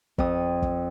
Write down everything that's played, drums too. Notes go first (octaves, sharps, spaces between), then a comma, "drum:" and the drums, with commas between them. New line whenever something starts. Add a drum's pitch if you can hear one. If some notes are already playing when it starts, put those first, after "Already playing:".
F2 D#6, drum: kick
drum: kick